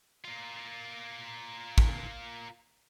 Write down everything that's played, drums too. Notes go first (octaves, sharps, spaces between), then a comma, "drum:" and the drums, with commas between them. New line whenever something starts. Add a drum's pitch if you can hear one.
A#3 F4
drum: kick